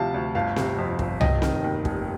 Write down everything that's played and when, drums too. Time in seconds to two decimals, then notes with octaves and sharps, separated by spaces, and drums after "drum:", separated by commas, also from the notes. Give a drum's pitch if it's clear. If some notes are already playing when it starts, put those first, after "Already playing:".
Already playing: D2 C3 F3 F5 A5
0.14 D2
0.35 G1 F5 A5
0.56 C3, drum: snare C4
0.78 F2
0.99 G1, drum: kick
1.21 F1 D#5 G5, drum: tom C2
1.42 D#3, drum: snare C4
1.64 D#2
1.85 F1, drum: kick